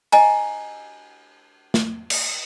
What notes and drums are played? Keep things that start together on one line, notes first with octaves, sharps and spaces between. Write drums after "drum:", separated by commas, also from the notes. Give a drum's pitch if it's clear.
D#5 G#5 A#5, drum: cymbal
drum: snare
drum: cymbal